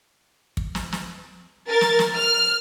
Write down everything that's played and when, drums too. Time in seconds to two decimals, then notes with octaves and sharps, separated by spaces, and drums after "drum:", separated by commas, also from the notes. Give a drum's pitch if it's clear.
0.57 drum: kick
0.75 drum: snare
0.92 drum: snare
1.70 A#4 A6
1.81 drum: snare
1.99 drum: snare
2.17 F6